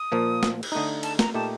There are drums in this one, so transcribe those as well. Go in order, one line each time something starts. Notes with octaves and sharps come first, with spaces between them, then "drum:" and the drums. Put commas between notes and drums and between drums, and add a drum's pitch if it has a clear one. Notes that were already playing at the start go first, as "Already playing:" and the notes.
Already playing: D#6
A#2 F3 A#3
drum: snare
drum: cymbal
D3 A3 D#4 D#6
A5, drum: cymbal
A#5, drum: snare
A#2 A3 D#4 G4 A5